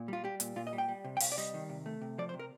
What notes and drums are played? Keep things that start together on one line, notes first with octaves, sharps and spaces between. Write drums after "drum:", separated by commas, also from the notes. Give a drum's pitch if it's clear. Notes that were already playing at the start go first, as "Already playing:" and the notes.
Already playing: A#2
G3 F4
G3 G4
A#2, drum: hi-hat
A#2 F4
D#5
G3
G5
G3
C3
G5
C3 F5, drum: open hi-hat
D5
G3 D#5
D#3
C3
A3
C3
F3 D5
C5
C3
A#4